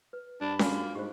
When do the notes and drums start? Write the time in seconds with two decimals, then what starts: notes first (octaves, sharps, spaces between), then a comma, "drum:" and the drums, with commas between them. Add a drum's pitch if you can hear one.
0.13 B4
0.41 G2 D4 B5
0.59 A#3 F4 F#4 G#5, drum: snare C#4
0.95 G#2 G4 C5